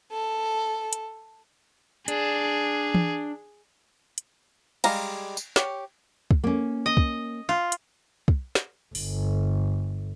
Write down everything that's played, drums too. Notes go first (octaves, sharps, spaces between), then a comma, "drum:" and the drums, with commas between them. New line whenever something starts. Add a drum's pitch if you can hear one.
A4
drum: hi-hat
D4 G#4, drum: hi-hat
drum: tom E3
drum: hi-hat
G3 G#3 F5 A#5, drum: cymbal
drum: tambourine
G4 C#5, drum: snare
drum: kick
A#3 C#4
D#5
drum: kick
F4
drum: hi-hat
drum: kick
drum: snare
G1, drum: open hi-hat